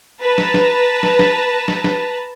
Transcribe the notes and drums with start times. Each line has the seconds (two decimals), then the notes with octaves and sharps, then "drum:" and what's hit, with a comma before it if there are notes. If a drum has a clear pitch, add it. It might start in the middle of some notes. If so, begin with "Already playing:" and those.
0.22 B4 A5 A#5
0.38 drum: snare
0.54 drum: snare
1.03 drum: snare
1.19 drum: snare
1.68 drum: snare
1.84 drum: snare